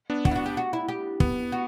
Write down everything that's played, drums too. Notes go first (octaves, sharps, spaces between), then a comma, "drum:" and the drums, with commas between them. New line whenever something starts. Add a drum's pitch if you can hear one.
B3 D4
F#4, drum: kick
E4
F#4
G4
F#4
E4
G4
B3, drum: kick
F#4